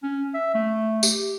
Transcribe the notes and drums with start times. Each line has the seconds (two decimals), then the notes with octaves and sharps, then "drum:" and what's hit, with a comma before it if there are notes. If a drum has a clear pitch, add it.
0.03 C#4
0.34 E5
0.54 A3
1.03 G4, drum: tambourine